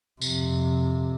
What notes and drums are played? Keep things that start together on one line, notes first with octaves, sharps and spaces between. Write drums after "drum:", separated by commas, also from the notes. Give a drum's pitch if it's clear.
F2 C3, drum: tambourine